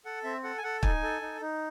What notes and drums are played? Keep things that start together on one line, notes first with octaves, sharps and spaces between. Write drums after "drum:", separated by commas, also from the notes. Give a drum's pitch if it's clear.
A4 F#5
C4 E5
A4 F#5
G#5
A4 F#5
D#4 G#5, drum: kick
A4
D#4
D#4